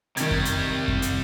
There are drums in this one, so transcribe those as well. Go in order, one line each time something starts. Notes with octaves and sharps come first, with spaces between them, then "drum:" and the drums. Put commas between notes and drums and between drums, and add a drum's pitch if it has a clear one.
C3 D#3 G3 G#6, drum: hi-hat
drum: kick F#2
drum: hi-hat
drum: kick F#2
drum: hi-hat